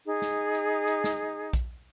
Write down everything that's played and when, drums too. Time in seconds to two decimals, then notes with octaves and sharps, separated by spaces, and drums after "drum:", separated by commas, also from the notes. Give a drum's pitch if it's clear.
0.05 D#4 G#4
0.22 drum: snare
0.55 drum: hi-hat
0.88 drum: hi-hat
1.04 drum: snare
1.53 drum: kick A#1, hi-hat